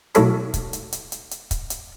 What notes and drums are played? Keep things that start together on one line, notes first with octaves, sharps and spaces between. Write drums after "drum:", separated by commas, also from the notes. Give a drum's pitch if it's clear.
B1 A2 A4 C#5 B5, drum: hi-hat
drum: kick, hi-hat
drum: hi-hat
drum: hi-hat
drum: hi-hat
drum: hi-hat
drum: kick, hi-hat
drum: hi-hat